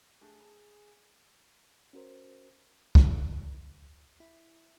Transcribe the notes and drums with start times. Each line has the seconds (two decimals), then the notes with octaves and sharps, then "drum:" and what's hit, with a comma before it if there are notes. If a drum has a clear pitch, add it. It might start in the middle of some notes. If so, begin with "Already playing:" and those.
0.21 A3 D4 G4 G#4
0.40 A5 A#5
1.93 C#4 F#4 A#4 C5
2.95 F#4 D5 F5, drum: kick
4.20 E4